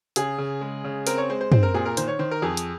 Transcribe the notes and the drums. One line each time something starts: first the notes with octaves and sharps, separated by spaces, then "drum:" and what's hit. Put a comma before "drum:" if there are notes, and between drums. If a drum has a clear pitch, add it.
C#3 G#4, drum: hi-hat
C#3
G#3
C#3
C4 A#4, drum: hi-hat
C#5
G#3 C5
C5
C4 C5, drum: tom
A#4
A#2 G#4
A#4
D#3 C5, drum: hi-hat
C#5
D#3 C5
A#4
F2 G#4
drum: hi-hat